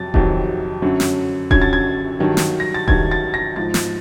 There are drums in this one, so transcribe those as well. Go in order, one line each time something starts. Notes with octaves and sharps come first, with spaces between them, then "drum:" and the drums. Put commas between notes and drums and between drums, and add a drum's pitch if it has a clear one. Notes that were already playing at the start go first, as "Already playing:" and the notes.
Already playing: F2 C3 F#3 A6
F2 C3 D#3 F#3, drum: kick D#1
F#2 D3 F#3
drum: snare
F#2 D3 F#3 G#6, drum: kick D#1
A6
G#6
G2 D#3 F#3
drum: snare
A#6
A6
G2 D#3 F#3 G#6, drum: kick D#1
A6
A#6
G#2 F3 A6
drum: snare